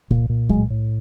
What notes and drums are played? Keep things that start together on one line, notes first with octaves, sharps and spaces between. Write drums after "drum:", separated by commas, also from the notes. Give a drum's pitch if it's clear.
A#2, drum: kick C2
A#2
A2 F#3 G#3, drum: kick C2
A2